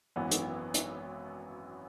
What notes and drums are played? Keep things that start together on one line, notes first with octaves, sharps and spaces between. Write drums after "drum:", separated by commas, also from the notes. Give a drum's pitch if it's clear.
G#1 F#2 E3 B3
drum: hi-hat
drum: hi-hat